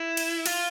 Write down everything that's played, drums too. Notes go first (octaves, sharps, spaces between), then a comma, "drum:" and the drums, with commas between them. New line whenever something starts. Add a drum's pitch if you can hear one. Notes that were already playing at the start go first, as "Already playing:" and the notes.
Already playing: E4
drum: cymbal
F4, drum: cymbal